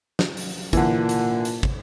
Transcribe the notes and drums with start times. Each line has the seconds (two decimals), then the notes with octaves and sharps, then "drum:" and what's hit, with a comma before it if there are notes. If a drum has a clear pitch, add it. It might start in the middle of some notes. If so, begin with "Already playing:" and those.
0.19 drum: snare
0.37 drum: open hi-hat
0.73 A#2 D3 E3, drum: kick, hi-hat
1.09 drum: hi-hat
1.45 drum: hi-hat
1.63 drum: kick